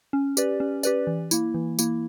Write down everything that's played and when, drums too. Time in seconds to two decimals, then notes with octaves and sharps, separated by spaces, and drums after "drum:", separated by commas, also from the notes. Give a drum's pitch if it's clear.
0.13 C#4
0.37 G4 B4 D5, drum: tambourine
0.60 C#4
0.83 G4 B4 D5, drum: tambourine
1.07 E3
1.31 A#3 E4, drum: tambourine
1.54 E3
1.79 A#3 E4, drum: tambourine